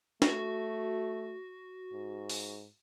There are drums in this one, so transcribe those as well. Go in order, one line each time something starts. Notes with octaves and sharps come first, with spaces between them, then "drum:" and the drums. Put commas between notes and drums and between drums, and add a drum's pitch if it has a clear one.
A3 F#4, drum: snare
G#2
drum: open hi-hat